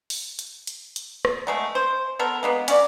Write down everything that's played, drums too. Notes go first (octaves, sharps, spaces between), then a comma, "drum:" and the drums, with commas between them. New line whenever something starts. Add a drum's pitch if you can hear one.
drum: open hi-hat
drum: hi-hat
drum: hi-hat
drum: hi-hat
drum: rim click
F#3 G#3 A3
C5
B3 A4 A#4
G#3 A#3 B3
C#4 F#4 D5, drum: hi-hat